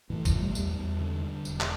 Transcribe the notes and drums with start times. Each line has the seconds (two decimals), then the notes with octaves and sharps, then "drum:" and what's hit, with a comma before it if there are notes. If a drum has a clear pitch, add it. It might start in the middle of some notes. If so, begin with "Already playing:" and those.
0.10 A2 E3
0.25 F3, drum: kick, tambourine
0.33 A1
0.40 G3
0.55 E2 G3, drum: tambourine
0.78 E2
1.00 D3
1.23 D3
1.45 E1, drum: tambourine
1.60 drum: clap